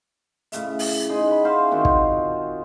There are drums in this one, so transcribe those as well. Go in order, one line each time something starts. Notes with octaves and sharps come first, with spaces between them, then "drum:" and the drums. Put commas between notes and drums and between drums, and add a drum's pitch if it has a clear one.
A2 C#3 E5, drum: hi-hat
drum: open hi-hat
D#4 G#4 C5
F#5 B5
C#4 C5 E5 F5
D#3 C4 F4 F#4
drum: kick